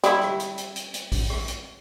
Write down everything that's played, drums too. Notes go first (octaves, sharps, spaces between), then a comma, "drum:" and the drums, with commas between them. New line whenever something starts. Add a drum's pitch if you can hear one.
G3 E4, drum: hi-hat
drum: rim click
drum: hi-hat
drum: hi-hat
drum: hi-hat
drum: hi-hat
drum: kick A#1, open hi-hat
drum: rim click
drum: hi-hat